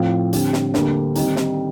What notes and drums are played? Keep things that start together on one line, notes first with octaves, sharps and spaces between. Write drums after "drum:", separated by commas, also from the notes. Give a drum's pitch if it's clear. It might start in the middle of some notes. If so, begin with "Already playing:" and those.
Already playing: A2 F3 C4 F4
D3 G3 C4, drum: hi-hat
drum: snare
D2 D3 G3 A#3 D4, drum: snare
D#3 G3 C4 D#4, drum: hi-hat
drum: snare